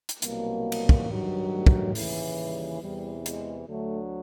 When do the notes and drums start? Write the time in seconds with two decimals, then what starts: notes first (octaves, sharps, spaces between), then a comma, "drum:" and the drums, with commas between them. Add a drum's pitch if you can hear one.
0.09 drum: hi-hat
0.22 C2 B2 F#3 A#3, drum: hi-hat
0.72 drum: cymbal
0.89 drum: kick
1.09 G2 D#3 F#3
1.52 A3
1.66 drum: kick
1.95 D#2 C#3 E3, drum: open hi-hat
2.39 G3
2.81 E2 C3 E3 G3
3.26 G#3, drum: hi-hat
3.68 D2 D3 F#3 A3